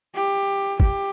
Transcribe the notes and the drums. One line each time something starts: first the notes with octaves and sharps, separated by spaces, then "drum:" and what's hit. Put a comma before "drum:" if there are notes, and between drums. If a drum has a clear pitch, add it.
G4
G4, drum: kick